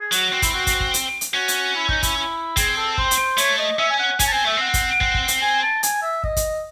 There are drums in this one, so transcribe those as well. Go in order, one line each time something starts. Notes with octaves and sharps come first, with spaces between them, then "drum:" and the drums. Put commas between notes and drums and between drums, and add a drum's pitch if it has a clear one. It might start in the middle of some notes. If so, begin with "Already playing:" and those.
G#4
F#3 F#4, drum: hi-hat
C4
E4, drum: kick, hi-hat
F#4
drum: kick, hi-hat
drum: kick
drum: hi-hat
drum: hi-hat
C#4 F#4
drum: hi-hat
E4
D#4, drum: kick
E4, drum: kick, hi-hat
E4
C4 G#4, drum: kick, hi-hat
A4
C5, drum: kick
drum: hi-hat
A3 C#5, drum: hi-hat
D#5
C#4 E5
G#5
F#5
C#4 G#5, drum: kick, hi-hat
A5
C4 G#5
A3 E5
C4 F#5
drum: kick, hi-hat
C4, drum: kick
drum: kick
drum: hi-hat
G#5
A5
G#5, drum: hi-hat
E5
D#5, drum: kick
drum: kick, hi-hat